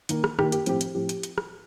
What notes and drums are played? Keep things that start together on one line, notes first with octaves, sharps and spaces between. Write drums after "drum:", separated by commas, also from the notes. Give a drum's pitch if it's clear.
D#3 A#3, drum: hi-hat
drum: rim click
D#3 A#3 G4, drum: rim click
G4, drum: hi-hat
A2 F3 C4 G4, drum: hi-hat
drum: hi-hat
A2 F3 C4 G4
drum: hi-hat
drum: hi-hat
drum: rim click